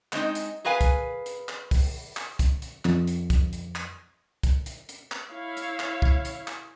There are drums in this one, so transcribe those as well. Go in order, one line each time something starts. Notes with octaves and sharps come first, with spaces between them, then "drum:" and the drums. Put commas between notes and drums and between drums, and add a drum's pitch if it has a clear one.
G#3 C4 C#4 D#4, drum: clap
drum: hi-hat
G#4 A#4 B4 F5 G#5
drum: kick, hi-hat
drum: hi-hat
drum: clap
drum: kick, open hi-hat
drum: clap
drum: kick, hi-hat
drum: hi-hat
F2, drum: clap
drum: hi-hat
drum: kick, hi-hat
drum: hi-hat
drum: clap
drum: kick, hi-hat
drum: hi-hat
drum: hi-hat
drum: clap
E4 C#5 F5
drum: hi-hat
drum: clap
drum: kick
drum: hi-hat
drum: clap